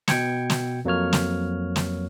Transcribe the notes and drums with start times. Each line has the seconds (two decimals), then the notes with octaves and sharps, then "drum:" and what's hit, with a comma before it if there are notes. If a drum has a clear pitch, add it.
0.08 B2 G5 G#6 C#7, drum: snare
0.50 drum: snare
0.85 F2 F#3 A#3 C#5 F6
1.13 drum: snare
1.76 drum: snare